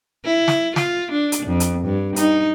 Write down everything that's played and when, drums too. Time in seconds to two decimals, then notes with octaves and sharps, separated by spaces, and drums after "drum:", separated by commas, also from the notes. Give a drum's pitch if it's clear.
0.25 E4
0.48 drum: snare
0.76 F4, drum: snare
1.12 D4
1.32 drum: hi-hat
1.46 F2
1.60 drum: hi-hat
1.84 G2
2.16 D#4, drum: hi-hat